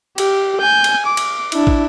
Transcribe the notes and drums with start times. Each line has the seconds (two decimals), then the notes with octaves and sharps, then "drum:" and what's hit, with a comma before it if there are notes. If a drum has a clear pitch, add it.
0.18 G4, drum: cymbal
0.60 G#5 G6
0.84 drum: cymbal
1.06 D6
1.17 drum: cymbal
1.52 D4 E4, drum: cymbal
1.67 drum: kick